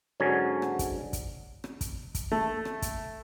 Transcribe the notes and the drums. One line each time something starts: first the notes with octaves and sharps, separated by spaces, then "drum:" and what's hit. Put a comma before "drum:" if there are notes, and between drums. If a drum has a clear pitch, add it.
G#2 D3 F#3 C#4 G#5
drum: rim click
drum: kick, hi-hat
drum: kick, hi-hat
drum: rim click
drum: kick, hi-hat
drum: kick, hi-hat
A3
drum: rim click
drum: kick, hi-hat